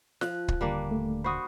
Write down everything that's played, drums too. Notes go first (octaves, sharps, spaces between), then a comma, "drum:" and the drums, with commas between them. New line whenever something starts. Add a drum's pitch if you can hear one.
F3 F#6, drum: snare
drum: kick
D#1 D3 G3 A#3 D4
A3
F#4 C5 B5 C#6 D#6